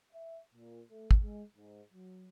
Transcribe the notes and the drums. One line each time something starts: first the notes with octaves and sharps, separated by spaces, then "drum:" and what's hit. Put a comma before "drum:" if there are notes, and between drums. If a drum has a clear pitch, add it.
E5
A#2
A3
drum: kick
G#3
G#2
F#3